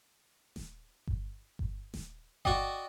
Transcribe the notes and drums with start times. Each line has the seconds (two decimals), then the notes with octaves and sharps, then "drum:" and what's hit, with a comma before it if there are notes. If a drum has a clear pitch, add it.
0.56 drum: snare D#1
1.07 drum: kick G1
1.59 drum: kick G1
1.94 drum: snare D#1
2.45 F#4 D5 D#5 G5, drum: kick G1